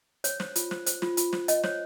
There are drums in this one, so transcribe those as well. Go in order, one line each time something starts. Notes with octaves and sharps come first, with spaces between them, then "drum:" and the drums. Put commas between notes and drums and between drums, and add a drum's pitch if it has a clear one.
C5 C#5, drum: hi-hat
C5, drum: snare
F4, drum: hi-hat
C5, drum: snare
C5, drum: hi-hat
F4, drum: snare
F4, drum: hi-hat
C5, drum: snare
C#4 D#5, drum: hi-hat
C5 C#5, drum: snare